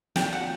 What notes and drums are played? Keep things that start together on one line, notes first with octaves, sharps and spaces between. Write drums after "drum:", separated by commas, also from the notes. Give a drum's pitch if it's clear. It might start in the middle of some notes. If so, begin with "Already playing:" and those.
A#2 F#3 A3 G5, drum: snare
F#5